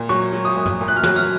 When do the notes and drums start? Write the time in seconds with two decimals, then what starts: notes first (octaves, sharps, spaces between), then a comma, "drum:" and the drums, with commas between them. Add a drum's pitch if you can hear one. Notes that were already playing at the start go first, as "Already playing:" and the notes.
Already playing: A#2
0.09 F#3 C#6
0.33 F#3
0.45 D#6
0.56 A#2
0.66 drum: tom
0.81 A#2
0.88 F#6
0.97 F6
1.03 F#3 F#6, drum: tom
1.16 F6, drum: tambourine